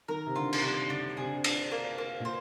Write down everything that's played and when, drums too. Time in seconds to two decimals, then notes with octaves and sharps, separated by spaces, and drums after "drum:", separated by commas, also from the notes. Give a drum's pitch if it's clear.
0.08 D#3 A#4
0.26 C3
0.36 D3 F4
0.53 drum: cymbal
0.62 C3 D4
0.90 D3 D4
1.17 C3 G#4
1.25 D3
1.33 C3
1.44 D4, drum: cymbal
1.71 A#3
1.98 A#3
2.20 A#2
2.25 C5